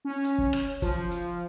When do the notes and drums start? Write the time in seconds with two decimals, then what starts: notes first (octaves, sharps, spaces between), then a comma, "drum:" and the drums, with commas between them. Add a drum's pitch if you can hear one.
0.05 C#4
0.24 drum: hi-hat
0.38 drum: kick
0.53 drum: rim click
0.82 F3, drum: kick, hi-hat
1.11 drum: hi-hat